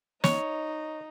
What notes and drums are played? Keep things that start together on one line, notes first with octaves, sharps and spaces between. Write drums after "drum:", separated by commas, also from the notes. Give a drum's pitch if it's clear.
D#4 C#5, drum: snare